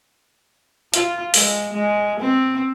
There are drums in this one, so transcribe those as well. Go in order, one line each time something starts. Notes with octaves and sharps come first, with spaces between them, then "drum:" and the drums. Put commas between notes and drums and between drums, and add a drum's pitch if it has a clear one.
F4, drum: hi-hat
G#3, drum: open hi-hat
G#3
C4